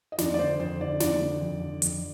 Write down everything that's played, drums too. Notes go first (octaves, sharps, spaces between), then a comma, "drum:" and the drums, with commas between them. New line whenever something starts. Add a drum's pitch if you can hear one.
D#5
F2 D5, drum: snare
D5
D3 C5
F2 C5
D3 D5
F2 D5, drum: snare
D3
F2
D3
F2, drum: hi-hat